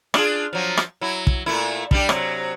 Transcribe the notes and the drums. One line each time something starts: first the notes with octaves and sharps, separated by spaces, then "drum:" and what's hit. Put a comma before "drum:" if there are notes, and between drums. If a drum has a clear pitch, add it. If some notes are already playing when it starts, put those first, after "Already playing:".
D4 F4 G#4, drum: rim click
F3 F#3
drum: rim click
F#3 E4
drum: kick
A#2 A3 E4
G3 D4 G4, drum: kick
C3 F#3, drum: rim click